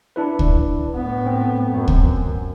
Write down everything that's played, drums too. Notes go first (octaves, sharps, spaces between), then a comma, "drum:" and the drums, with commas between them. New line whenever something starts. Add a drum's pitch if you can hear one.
D4 E4 B4
drum: kick C#2
A2 B3
C4
F#2
drum: kick C#2